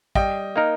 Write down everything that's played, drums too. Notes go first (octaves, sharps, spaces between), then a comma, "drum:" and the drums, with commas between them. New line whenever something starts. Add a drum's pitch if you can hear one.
G3 D#5 G5, drum: kick
A#3 D#4 A#4